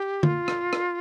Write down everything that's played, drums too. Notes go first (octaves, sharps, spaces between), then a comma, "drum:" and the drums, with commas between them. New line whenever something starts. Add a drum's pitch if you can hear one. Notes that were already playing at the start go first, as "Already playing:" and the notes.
Already playing: G4
F4, drum: tom D3
drum: rim click
drum: rim click